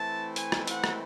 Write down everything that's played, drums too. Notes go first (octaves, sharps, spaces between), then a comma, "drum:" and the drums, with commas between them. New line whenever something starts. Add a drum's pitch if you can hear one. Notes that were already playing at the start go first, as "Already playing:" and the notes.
Already playing: E3 A3 C4 E4 A5
G#5, drum: hi-hat
drum: rim click
F#5, drum: hi-hat
drum: rim click